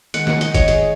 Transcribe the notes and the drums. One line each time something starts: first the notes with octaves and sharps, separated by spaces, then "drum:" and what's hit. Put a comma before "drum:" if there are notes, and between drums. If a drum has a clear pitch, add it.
D#3 G#3 F#5, drum: hi-hat
F#5, drum: snare
D#5, drum: hi-hat
C#5, drum: kick, hi-hat
G#4, drum: hi-hat